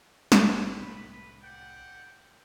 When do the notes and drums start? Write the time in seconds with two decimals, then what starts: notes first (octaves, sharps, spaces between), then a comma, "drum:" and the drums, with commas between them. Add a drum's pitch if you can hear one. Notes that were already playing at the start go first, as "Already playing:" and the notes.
0.32 G1, drum: snare
0.76 C2 A2 B4
1.43 D5 F#5 G5